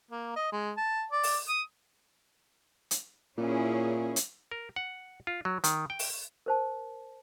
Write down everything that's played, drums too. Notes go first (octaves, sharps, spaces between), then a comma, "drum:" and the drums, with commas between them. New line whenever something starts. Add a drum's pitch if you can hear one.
A#3
D#5
G#3
A5
D5
drum: open hi-hat
D#6
drum: hi-hat
A#2 C#4 E4 G#4
drum: hi-hat
A#4
F#5
F4
F#3
D#3, drum: hi-hat
G5
drum: open hi-hat
A#4 C5 A5